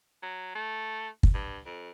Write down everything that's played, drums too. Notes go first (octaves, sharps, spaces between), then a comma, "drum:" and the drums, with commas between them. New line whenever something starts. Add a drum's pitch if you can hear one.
F#3
A3
drum: kick
G2
F2